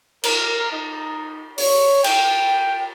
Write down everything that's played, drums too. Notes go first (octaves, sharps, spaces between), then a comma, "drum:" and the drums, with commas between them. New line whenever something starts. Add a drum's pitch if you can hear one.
A#4, drum: cymbal
D#4
C#5, drum: open hi-hat
G5, drum: cymbal